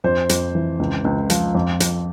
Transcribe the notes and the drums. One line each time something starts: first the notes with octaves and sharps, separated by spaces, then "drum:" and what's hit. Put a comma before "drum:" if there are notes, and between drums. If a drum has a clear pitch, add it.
F2 C5
F2, drum: hi-hat
E3
C#2
C#2
F3, drum: hi-hat
F2
F2, drum: hi-hat